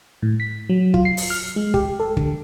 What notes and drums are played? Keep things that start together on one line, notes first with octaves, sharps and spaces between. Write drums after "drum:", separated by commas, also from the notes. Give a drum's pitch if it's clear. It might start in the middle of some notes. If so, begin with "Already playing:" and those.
A2
B6
F#3
F4, drum: kick
C7
drum: open hi-hat
F6
G#3
G4, drum: kick
A4
D3, drum: kick